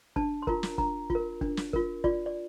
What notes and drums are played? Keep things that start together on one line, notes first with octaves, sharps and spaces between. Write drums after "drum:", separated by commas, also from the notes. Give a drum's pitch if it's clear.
D4 A5, drum: kick
C6
F4 A#4 A#5, drum: kick
drum: snare
D4 A#5, drum: kick
F4, drum: kick
A#4
D4, drum: kick
drum: snare
F4 A#4, drum: kick
F4 D5, drum: kick
D5